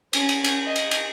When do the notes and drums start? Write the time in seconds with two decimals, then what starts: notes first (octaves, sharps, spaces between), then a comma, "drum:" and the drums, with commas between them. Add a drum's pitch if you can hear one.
0.13 C#4, drum: cymbal
0.29 drum: cymbal
0.44 drum: cymbal
0.66 D#5
0.76 drum: cymbal
0.91 drum: cymbal